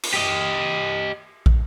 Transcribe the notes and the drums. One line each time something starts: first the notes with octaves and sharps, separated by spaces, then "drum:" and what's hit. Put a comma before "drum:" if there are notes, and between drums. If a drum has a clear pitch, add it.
drum: cymbal
G4 D#5
drum: kick